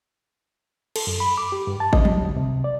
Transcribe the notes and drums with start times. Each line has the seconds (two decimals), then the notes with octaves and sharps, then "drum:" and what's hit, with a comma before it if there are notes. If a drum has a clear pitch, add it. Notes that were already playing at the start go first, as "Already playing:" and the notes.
0.96 A4, drum: cymbal
1.07 F#2
1.20 B5
1.38 D6
1.52 G4
1.67 G2
1.80 A5
1.93 D#5, drum: kick G#1
2.05 G3, drum: tom
2.23 D2
2.36 C3
2.64 D5